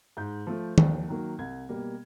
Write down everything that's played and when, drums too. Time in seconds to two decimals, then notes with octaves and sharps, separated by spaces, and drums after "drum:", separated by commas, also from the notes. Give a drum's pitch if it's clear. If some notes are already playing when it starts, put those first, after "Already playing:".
0.17 G#2 G6
0.47 F3 A3
0.78 D#2, drum: tom D#3
1.08 D#3 F#3 A#3
1.38 C2 G#6
1.69 B2 G3 A#3